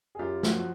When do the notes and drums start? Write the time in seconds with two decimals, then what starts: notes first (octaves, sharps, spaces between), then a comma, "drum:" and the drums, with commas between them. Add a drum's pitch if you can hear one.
0.15 G#4
0.19 F#2 F4 G4
0.43 F3 F#4, drum: snare
0.56 F#4